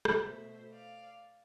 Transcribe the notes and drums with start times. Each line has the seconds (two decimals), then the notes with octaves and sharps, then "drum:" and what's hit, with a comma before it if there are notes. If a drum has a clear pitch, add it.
0.05 drum: rim click
0.22 B2 A3 C5 E5
0.71 D5 F5